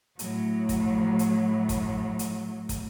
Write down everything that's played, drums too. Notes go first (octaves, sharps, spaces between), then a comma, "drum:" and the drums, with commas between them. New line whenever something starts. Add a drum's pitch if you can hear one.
A2 F#3, drum: hi-hat
drum: kick, hi-hat
drum: hi-hat
drum: kick, hi-hat
drum: hi-hat
drum: kick, hi-hat